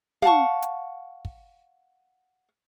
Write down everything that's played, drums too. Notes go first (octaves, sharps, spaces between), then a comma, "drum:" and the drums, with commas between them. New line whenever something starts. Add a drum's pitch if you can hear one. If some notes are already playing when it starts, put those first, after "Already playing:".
F5 F#5 A5 C#6, drum: tom
drum: hi-hat
drum: kick